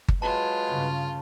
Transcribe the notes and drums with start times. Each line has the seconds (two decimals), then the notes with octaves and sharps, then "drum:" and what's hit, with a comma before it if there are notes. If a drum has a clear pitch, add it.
0.08 drum: kick G1
0.22 F#3 G#3 F4 B4 A5
0.69 G2 C#3